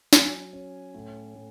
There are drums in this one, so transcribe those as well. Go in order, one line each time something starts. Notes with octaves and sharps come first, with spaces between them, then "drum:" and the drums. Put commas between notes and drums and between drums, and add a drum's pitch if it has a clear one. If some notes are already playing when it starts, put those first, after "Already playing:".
F#3 G#5, drum: snare
C#4
A2
A2